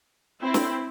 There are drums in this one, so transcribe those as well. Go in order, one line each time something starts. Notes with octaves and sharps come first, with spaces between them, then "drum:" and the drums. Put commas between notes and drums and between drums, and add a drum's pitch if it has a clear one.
C4 E4
drum: snare